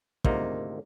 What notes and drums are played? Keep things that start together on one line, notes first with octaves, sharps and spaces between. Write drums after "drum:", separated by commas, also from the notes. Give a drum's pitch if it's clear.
G#1 D2 C3 A#3 D#4 F4, drum: kick